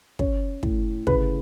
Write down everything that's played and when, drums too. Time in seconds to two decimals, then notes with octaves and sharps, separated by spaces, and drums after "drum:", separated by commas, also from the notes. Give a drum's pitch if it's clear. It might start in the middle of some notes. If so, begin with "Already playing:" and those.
0.19 C#4 C#5, drum: kick
0.63 A2, drum: kick
1.07 C#3 B4, drum: kick